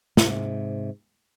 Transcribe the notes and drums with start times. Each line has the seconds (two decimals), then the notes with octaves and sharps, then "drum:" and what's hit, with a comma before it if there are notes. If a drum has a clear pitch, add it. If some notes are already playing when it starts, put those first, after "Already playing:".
0.17 G#2 C3, drum: snare